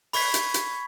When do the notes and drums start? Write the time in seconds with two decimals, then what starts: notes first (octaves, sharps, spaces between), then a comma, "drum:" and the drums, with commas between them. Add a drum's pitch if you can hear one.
0.13 B5 C#6 G#6 B6, drum: open hi-hat
0.34 drum: hi-hat
0.54 drum: hi-hat